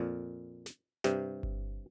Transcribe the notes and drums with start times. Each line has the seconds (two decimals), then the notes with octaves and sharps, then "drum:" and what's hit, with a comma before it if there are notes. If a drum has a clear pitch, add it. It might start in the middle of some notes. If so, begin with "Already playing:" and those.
Already playing: F2 A#2
0.66 drum: snare
1.04 G2 C3, drum: snare
1.43 drum: kick G1